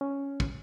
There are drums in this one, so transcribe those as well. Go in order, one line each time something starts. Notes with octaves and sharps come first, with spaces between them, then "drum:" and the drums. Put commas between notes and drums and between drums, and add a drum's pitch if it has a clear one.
C#4
drum: kick